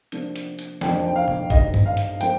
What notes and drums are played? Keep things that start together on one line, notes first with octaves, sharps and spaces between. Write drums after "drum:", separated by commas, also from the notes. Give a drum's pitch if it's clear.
C3 F3 A#3 D4, drum: hi-hat
drum: hi-hat
drum: hi-hat
F2 C3 F3 A#3 D4 G5, drum: snare
G5
F5
drum: tom C3
G2 D#3 G3 D#5, drum: kick, hi-hat
drum: tom
F5
drum: hi-hat
F3 A#3 G5, drum: hi-hat